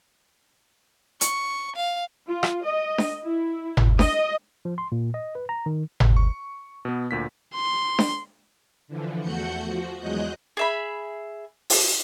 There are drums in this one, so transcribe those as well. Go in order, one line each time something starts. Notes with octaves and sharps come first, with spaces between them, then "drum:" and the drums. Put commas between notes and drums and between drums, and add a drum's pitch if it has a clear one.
C#6, drum: hi-hat
F5
F4
drum: rim click
D#5
drum: snare D4
E4
drum: tom G1
D#5, drum: snare D4
F3
C6
A#2
D#5
B4
A#5
D#3
drum: tom G1
C#6
B2 B3
D2 A#2 B6
C6
drum: snare D4
D3 E3 F3
E2 A3 F#4 F#5 G6 C#7
F3 F#4
E2 F#3 G#3 D#5 F#6 G6
G#4 E5 B5
drum: open hi-hat